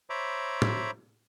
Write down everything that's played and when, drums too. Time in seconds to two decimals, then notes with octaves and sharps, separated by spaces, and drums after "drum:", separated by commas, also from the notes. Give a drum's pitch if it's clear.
0.10 C5 C#5 E5 A#5 B5 D6
0.62 drum: tom